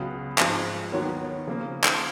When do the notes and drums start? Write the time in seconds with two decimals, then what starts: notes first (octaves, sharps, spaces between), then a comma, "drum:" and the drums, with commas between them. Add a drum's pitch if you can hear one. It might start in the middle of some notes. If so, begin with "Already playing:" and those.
Already playing: C#2 C#3 F#3 B3 B4
0.38 G#2 F3 G#3 D#4, drum: clap
0.92 D#2 D#3 F#3 B3 A#4 C#5
1.47 C#3 F3 A#3
1.84 drum: clap